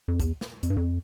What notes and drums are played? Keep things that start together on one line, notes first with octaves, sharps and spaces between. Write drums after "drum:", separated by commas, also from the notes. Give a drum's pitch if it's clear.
F2
E2, drum: kick, hi-hat
drum: snare
F2, drum: hi-hat
G2
F2